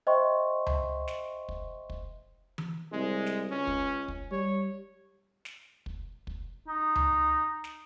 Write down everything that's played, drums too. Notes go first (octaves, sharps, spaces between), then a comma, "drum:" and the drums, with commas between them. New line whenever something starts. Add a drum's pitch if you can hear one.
C5 D#5 E5 G5 C6 C#6
drum: tom C#2
drum: snare
drum: kick
drum: kick
drum: tom E3
C2 G#3
drum: snare
C#2 C#4
drum: kick
drum: kick
G3 C#5
drum: snare
drum: kick
drum: kick
D#4
drum: tom C#2
drum: snare